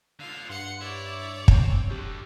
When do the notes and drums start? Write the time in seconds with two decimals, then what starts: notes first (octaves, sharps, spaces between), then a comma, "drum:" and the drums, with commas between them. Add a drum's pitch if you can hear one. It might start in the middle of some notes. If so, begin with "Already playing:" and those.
0.19 D3 F4 F5
0.49 G2 F#5 C6 C#7
0.81 E4 C#5 D5
1.48 C4, drum: kick
1.91 D4 F#4 G4